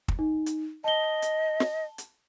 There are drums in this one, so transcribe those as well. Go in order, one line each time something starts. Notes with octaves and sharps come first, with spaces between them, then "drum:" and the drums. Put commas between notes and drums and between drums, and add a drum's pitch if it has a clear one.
drum: kick
D#4
drum: hi-hat
D#5 A5 G7
drum: hi-hat
drum: snare
drum: hi-hat